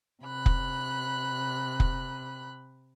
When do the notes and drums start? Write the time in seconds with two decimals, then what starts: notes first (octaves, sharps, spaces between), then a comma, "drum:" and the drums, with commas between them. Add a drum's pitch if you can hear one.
0.23 C3 B5 F#6
0.46 drum: kick
1.80 drum: kick